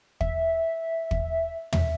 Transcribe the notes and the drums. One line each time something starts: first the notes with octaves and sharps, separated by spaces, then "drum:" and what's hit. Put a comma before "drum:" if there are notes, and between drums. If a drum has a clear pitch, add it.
E5, drum: kick
drum: kick
E5, drum: tom